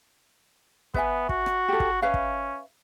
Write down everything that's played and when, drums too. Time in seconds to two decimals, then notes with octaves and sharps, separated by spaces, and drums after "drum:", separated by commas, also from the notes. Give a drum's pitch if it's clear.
0.94 B3 B4 E5 G#5, drum: kick
1.29 F#4, drum: kick
1.46 drum: rim click
1.68 G4 A4
1.80 drum: kick
2.02 C#4 B4 E5 F5
2.14 drum: kick